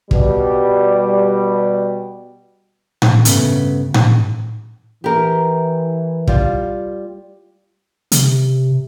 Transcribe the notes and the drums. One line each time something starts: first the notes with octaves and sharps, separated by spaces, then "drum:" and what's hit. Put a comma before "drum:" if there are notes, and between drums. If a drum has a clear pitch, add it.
B2 G3, drum: kick
drum: tom A2
D2 G2 C#3 A3 B3, drum: hi-hat
drum: tom A2
E3 G4 A#4
G3 F4, drum: kick
C3, drum: hi-hat